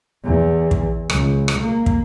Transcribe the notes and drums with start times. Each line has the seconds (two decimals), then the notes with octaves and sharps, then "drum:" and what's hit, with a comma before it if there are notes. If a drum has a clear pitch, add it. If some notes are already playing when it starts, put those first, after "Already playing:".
0.24 E2
0.71 drum: kick
1.10 C#2, drum: rim click
1.48 drum: rim click
1.58 A#3
1.86 drum: kick